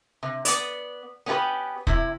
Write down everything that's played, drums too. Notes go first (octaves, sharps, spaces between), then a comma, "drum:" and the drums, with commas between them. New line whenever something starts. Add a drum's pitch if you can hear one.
C3
B3 D5, drum: hi-hat
B3 C#4 D4 E4 G4 B4
C3 E4, drum: kick